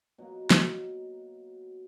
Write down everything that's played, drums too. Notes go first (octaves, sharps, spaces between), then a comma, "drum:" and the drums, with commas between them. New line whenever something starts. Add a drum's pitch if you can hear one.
B2 F#3 A#3 D#5
drum: snare